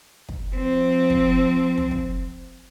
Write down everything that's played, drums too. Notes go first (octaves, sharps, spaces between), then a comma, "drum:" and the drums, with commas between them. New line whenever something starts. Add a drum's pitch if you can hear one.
drum: kick
F3 C4
drum: kick
drum: tom
drum: kick